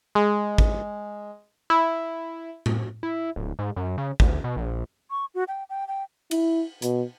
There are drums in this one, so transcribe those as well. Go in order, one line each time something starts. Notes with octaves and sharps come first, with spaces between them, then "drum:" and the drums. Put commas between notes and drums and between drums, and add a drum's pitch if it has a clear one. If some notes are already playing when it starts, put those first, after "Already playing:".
G#3
drum: kick
E4
drum: tom A2
E4
D1
G#2
F#2
C#3
D2, drum: kick
B2
A#1
C#6
F#4
G5
G5
G5
E4, drum: cymbal
B2, drum: hi-hat